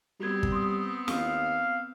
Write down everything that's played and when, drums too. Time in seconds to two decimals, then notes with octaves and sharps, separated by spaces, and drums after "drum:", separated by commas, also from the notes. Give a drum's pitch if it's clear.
0.20 G3 B3 C4 F#4 G#6
0.43 drum: kick
0.52 C6 D#6
1.08 D#2 F5, drum: snare